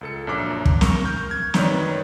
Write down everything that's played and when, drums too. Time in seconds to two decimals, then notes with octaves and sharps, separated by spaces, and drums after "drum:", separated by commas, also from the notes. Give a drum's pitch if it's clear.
0.01 C#2 A4 C#7
0.27 A#1 F#2 D4 D6
0.65 drum: kick
0.81 A#4 C#6, drum: snare
1.05 F6 G6
1.31 G#6
1.54 F#2 D#3 B4 C#5 D5, drum: snare